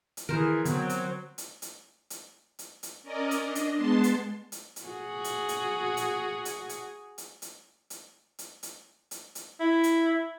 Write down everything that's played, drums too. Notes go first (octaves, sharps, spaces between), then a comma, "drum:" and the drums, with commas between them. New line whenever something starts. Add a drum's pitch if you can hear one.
drum: hi-hat
D#3 E3 G#4 A#4 C5
D3 F#3 B3 C4, drum: hi-hat
drum: hi-hat
drum: hi-hat
drum: hi-hat
drum: hi-hat
drum: hi-hat
drum: hi-hat
C#4 A#4 D5 D#5
drum: hi-hat
D4 D#5
drum: hi-hat
G#3 B3 A5 C6
drum: hi-hat
drum: hi-hat
drum: hi-hat
F#4 G#4
drum: hi-hat
drum: hi-hat
drum: hi-hat
drum: hi-hat
drum: hi-hat
drum: hi-hat
drum: hi-hat
drum: hi-hat
drum: hi-hat
drum: hi-hat
drum: hi-hat
drum: hi-hat
E4
drum: hi-hat